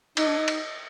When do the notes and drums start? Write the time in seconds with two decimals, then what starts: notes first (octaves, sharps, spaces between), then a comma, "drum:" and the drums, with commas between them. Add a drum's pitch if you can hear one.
0.17 D#4 D#5, drum: cymbal
0.27 D4
0.38 D#4
0.48 drum: cymbal